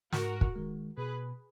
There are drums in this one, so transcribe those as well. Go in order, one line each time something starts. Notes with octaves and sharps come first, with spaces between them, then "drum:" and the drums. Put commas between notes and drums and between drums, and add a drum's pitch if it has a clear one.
G#2 F#4 A#4, drum: snare
drum: kick
D#3 G#3
B2 G#4 B4